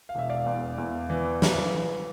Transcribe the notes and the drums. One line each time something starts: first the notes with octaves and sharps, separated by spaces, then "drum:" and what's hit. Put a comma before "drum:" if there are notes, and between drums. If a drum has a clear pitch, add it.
F5
E1 E5
D5 F5
E2
E2
E3
E3, drum: snare
E3